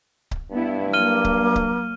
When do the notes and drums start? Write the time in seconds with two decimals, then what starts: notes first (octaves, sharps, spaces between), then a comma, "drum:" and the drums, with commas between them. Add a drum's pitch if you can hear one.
0.31 drum: kick C#1
0.52 G2 B3 E4
0.93 F#3 A#3 F6 D#7 G7
1.25 drum: kick C#1
1.56 drum: kick C#1